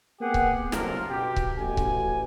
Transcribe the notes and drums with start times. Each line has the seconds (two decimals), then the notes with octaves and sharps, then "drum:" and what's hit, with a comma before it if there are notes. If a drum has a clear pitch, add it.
0.20 A#3 B3 G4 G#4 F#5
0.34 drum: kick C#1
0.72 F#1 C2 F4 A4 A#4, drum: snare
1.09 B2 G4
1.36 drum: kick C#1
1.57 A1 F#4 G#5
1.77 drum: kick C#1